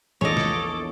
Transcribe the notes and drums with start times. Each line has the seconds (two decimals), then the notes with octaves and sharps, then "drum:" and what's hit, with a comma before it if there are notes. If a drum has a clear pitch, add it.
0.21 A#1 E2 A4 C#5 D#5 D6
0.37 drum: snare